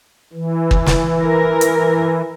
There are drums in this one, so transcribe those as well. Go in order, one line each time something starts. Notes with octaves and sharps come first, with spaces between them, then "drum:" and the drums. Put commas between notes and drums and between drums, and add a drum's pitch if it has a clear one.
E3
drum: kick
drum: snare
A#4
drum: hi-hat